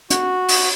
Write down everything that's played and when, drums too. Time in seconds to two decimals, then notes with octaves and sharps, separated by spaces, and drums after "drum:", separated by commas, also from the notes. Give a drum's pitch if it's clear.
0.10 F#4, drum: hi-hat
0.48 drum: open hi-hat